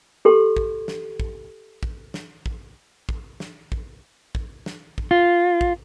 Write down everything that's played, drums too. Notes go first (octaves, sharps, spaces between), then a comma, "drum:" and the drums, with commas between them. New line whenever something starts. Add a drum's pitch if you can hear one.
G4 A4 C6
drum: kick
drum: snare
drum: kick
drum: kick
drum: snare
drum: kick
drum: kick
drum: snare
drum: kick
drum: kick
drum: snare
drum: kick
F4
drum: kick